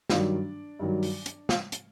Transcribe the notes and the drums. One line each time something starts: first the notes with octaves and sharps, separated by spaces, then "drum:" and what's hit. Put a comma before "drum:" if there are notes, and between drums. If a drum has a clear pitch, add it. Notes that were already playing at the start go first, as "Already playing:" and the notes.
G2 D#3 F#3 D4 D5, drum: snare
G2 D#3 F#3
drum: open hi-hat
drum: hi-hat
drum: snare
drum: hi-hat